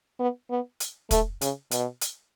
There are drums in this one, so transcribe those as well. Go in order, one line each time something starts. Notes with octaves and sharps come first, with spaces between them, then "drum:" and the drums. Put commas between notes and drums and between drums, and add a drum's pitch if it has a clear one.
B3
B3
drum: hi-hat
A3, drum: kick, hi-hat
C#3, drum: hi-hat
B2, drum: hi-hat
drum: hi-hat